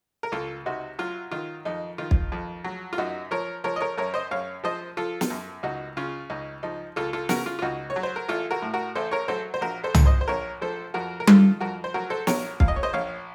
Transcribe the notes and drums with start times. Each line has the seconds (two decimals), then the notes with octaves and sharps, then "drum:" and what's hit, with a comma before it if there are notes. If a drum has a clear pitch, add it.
0.23 A#4
0.32 C#2 F4 A4
0.66 C3 D#4 F#4
0.99 F#3 F4
1.31 D#3 F4
1.65 F2 D#4
1.98 D#3 F4
2.11 drum: kick
2.32 F2
2.64 F#3
2.93 F4
2.98 F#2 D#4 F#4
3.31 F3 A#4 C#5
3.64 F3 A#4 C#5
3.76 D#5
3.80 A#4 C#5
3.98 F#2 A#4 C#5
4.14 C5 D#5
4.31 F#2 C#5 F5
4.64 F3 C5 D#5
4.97 F3 F4 A4
5.21 drum: snare
5.30 F#2
5.63 C#2 D#4 F#4
5.97 C#3 F4
6.30 C#2 D#4
6.63 F3 D#4
6.96 C#2 F4 A4
7.13 F4 A4
7.29 C#3 F#4 A#4, drum: snare
7.46 F4
7.59 F4
7.62 C#2 D#4 F#4
7.90 C#5
7.96 F#3
8.03 C5
8.16 A#4
8.28 A1 F4 A4
8.51 F#4 A#4
8.62 A2
8.74 F#4 A#4
8.95 A1 A4 C5
9.11 A#4 C#5
9.28 F#3 A4 C5
9.54 C5
9.61 A#1 F#4 A#4
9.84 A4 C5
9.94 A#2, drum: tom
10.06 C5 D#5
10.21 C5
10.28 A#1 A#4 C#5
10.61 F3 A4 C5
10.94 F2 F#4 A#4
11.20 A#4
11.27 D#3 F4 A4, drum: tom G3
11.60 F2 F#4 A#4
11.84 C5
11.94 F#3 F#4 A#4
12.10 A4 C5
12.27 A#1 A#4 C#5, drum: snare
12.60 A#2 F5, drum: kick
12.68 D#5
12.76 C#5
12.83 C5 D#5
12.93 A#1 C#5 F5